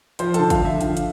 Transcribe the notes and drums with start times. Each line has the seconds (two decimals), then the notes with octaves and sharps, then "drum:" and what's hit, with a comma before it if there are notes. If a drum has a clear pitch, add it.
0.19 F3 C5 C6, drum: hi-hat
0.34 A4 A5, drum: hi-hat
0.39 D3
0.50 F5, drum: kick G#1, hi-hat
0.61 F3 E5
0.81 D3 F5, drum: hi-hat
0.97 drum: hi-hat